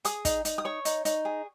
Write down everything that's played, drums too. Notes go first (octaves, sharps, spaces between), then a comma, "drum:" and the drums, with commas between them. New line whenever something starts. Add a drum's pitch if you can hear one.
G#4 D#6, drum: hi-hat
D#4, drum: kick, hi-hat
D#4, drum: hi-hat
D#6
C#5 C#6
D#4, drum: hi-hat
D#4, drum: hi-hat
G#4